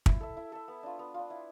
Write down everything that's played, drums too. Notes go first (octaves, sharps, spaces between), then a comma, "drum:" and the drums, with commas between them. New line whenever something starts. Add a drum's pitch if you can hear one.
E4, drum: kick
A4 E5
E4
A4 E5
B3
D4 F4
B3
D4 F4
E4